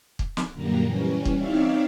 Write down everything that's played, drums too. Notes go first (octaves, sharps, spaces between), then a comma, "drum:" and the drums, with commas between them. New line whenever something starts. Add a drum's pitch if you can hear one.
drum: kick
drum: snare
F#2 A#2 D3 G3 A#3 A#5
E3 G3 C#4
drum: kick
C4 D#4 C#5 D5 E5 F5